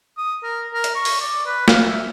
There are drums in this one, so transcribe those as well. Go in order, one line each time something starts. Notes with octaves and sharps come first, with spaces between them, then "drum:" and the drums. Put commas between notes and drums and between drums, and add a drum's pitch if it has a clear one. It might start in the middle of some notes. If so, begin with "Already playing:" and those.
D#6
A#4
A#4
drum: hi-hat
C#6
drum: open hi-hat
D5
B4
F5, drum: snare
E5